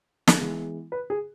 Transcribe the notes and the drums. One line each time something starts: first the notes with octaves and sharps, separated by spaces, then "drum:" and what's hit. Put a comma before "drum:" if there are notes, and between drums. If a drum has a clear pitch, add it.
drum: snare
E3 G#3 B3
B4
G#4